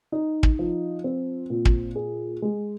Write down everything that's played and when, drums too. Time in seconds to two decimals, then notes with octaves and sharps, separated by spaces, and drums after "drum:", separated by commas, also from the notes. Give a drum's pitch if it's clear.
0.12 D#4
0.43 drum: kick
0.59 F3
1.04 C4
1.50 A#2
1.65 drum: kick
1.95 G#4
2.42 G#3